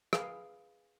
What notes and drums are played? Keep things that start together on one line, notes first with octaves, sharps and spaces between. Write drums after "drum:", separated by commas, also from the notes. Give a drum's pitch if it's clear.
G#4 B4 F5, drum: rim click